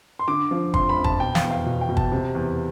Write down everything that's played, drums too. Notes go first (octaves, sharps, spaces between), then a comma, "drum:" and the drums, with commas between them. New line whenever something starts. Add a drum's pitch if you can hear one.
C6
D3 D6
F3
F2 C6, drum: kick
B5
F2
A5, drum: kick
B2 G5
F5, drum: snare
E2
F5
B2
G5
B2
A5, drum: kick
C3
E2